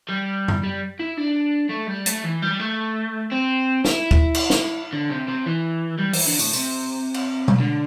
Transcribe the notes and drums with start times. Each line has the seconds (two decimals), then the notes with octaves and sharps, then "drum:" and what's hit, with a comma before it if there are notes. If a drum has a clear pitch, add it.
0.09 G3
0.48 drum: tom F#2
0.63 G3
0.99 E4
1.17 D4
1.70 A3
1.88 G3
2.06 A3, drum: hi-hat
2.24 E3
2.42 G3
2.59 A3
3.31 C4
3.85 E4, drum: snare
4.11 drum: kick
4.35 drum: cymbal
4.50 drum: snare
4.93 D3
5.10 C3
5.28 C3
5.46 E3
5.99 G3
6.13 E3, drum: open hi-hat
6.27 D3
6.39 A2, drum: tambourine
6.53 C3, drum: tambourine
7.14 drum: cymbal
7.48 drum: tom B2
7.60 D3